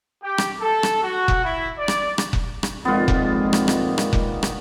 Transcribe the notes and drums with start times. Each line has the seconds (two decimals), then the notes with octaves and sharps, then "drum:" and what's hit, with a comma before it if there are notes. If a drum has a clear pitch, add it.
0.23 G4
0.38 drum: rim click
0.60 A4
0.83 drum: rim click
1.03 F#4
1.28 drum: kick F1
1.44 E4
1.78 D5
1.88 drum: rim click
2.18 drum: rim click
2.33 drum: kick F1
2.63 drum: rim click
2.85 F2 A#2 D#3 G#3 A#3 B3 F4
3.08 drum: kick F1
3.53 drum: rim click
3.68 drum: rim click
3.98 drum: rim click
4.13 drum: kick F1
4.43 drum: rim click